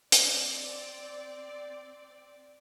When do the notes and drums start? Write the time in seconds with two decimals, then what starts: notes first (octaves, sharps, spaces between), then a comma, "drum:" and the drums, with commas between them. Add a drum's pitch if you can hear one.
0.12 C4 D5, drum: hi-hat